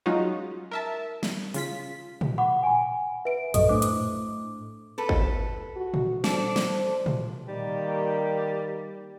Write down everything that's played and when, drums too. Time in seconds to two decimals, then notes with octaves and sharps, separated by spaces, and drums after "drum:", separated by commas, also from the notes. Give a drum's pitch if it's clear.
0.06 F#3 G#3 C#4 D#4 F4 F#4
0.71 A#4 E5 A5
1.23 drum: snare
1.54 C#3 F4 B6, drum: open hi-hat
2.21 drum: tom A#2
2.38 F#5 B5 D6
2.63 G#5 B5
3.25 B4 E5 D7
3.54 A#1 F#2 A4 D#5, drum: hi-hat
3.69 A2 D4 C5 D6
3.82 drum: hi-hat
4.98 A4 B4
5.09 drum: kick
5.76 F#4
5.94 drum: tom A#2
6.24 D4 A4 C5, drum: snare
6.56 drum: snare
7.06 drum: tom A#2
7.48 D#3 G3 A#3 G4